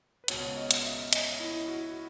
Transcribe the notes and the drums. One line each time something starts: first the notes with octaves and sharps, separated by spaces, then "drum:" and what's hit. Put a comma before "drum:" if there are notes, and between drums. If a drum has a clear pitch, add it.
B4
C#2 B2 C#5, drum: hi-hat
D#5
drum: hi-hat
E5
D#5, drum: hi-hat
E4
F#4